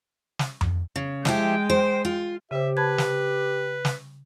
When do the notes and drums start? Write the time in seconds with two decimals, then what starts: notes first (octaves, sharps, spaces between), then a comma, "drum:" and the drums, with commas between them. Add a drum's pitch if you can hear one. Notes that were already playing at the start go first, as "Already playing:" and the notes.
0.39 drum: snare
0.61 drum: tom F2
0.96 C#3
1.25 F3 G#3 E4 G4 G5, drum: snare
1.70 C5
2.05 F4
2.51 C#3 G4 C5 E5
2.77 B4 A5 B5 G#6
2.98 drum: snare
3.85 drum: snare